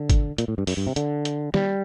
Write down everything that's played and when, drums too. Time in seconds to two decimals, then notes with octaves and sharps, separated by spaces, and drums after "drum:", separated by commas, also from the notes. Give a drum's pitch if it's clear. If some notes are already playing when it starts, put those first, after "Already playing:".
Already playing: D3
0.10 drum: kick, hi-hat
0.38 A#2, drum: hi-hat
0.48 A2
0.58 G2
0.67 F#2, drum: open hi-hat
0.77 G2
0.87 C3
0.96 D3, drum: hi-hat
1.25 drum: hi-hat
1.54 G3, drum: snare